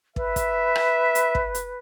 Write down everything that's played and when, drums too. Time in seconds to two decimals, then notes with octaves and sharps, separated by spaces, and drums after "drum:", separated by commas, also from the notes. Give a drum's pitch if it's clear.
0.16 B4 E5, drum: kick
0.36 drum: kick, hi-hat
0.75 drum: rim click
1.15 drum: hi-hat
1.35 drum: kick
1.55 drum: hi-hat